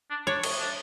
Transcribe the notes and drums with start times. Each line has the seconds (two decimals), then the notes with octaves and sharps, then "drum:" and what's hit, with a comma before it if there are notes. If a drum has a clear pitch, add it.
0.10 D4
0.27 D4 C#5
0.43 drum: cymbal
0.59 D4